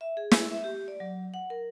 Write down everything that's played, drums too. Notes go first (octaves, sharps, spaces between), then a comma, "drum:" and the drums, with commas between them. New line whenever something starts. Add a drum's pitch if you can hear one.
E5
G#4
E4, drum: snare
E5
G4
D5
F#3
F#5
A#4